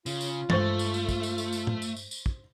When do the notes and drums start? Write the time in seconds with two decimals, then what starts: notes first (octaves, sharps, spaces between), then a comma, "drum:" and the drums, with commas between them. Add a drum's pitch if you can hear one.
0.06 C#3 F4, drum: tambourine
0.21 drum: tambourine
0.50 G2 G#3 A3 C5 C#6 A6, drum: tom
0.79 drum: tambourine
0.94 drum: tambourine
1.09 drum: kick, tambourine
1.23 drum: tambourine
1.38 drum: tambourine
1.53 drum: tambourine
1.67 drum: tom
1.82 drum: tambourine
1.97 drum: tambourine
2.11 drum: tambourine
2.26 drum: kick